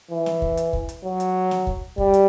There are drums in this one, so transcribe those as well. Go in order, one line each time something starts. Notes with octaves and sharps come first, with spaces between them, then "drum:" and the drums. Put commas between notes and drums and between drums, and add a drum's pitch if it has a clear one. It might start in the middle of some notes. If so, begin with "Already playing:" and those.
E3
drum: snare
drum: kick
drum: hi-hat
drum: kick
drum: hi-hat
F#3
drum: hi-hat
drum: snare
drum: kick
G3, drum: kick
drum: hi-hat